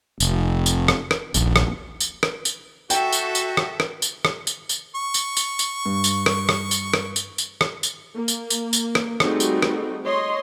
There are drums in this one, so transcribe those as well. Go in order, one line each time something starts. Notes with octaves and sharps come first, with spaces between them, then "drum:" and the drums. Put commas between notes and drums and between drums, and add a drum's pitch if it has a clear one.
F1, drum: tambourine
drum: tambourine
drum: rim click
drum: rim click
D#1 A#1, drum: tambourine
drum: rim click
drum: tambourine
drum: rim click
drum: tambourine
F#4 A4 E5 G5, drum: tambourine
drum: tambourine
drum: tambourine
drum: rim click
drum: rim click
drum: tambourine
drum: rim click
drum: tambourine
drum: tambourine
C#6
drum: tambourine
drum: tambourine
drum: tambourine
G2
drum: tambourine
drum: rim click
drum: rim click
drum: tambourine
drum: rim click
drum: tambourine
drum: tambourine
drum: rim click
drum: tambourine
A#3
drum: tambourine
drum: tambourine
drum: tambourine
drum: rim click
G3 A3 C4 D#4 F#4 G#4, drum: rim click
drum: tambourine
drum: rim click
C#5 D#5 C6